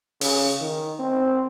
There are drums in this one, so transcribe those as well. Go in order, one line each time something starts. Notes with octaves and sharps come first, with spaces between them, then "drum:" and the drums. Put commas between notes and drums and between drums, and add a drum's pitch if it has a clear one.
C#3, drum: open hi-hat
D#3
C4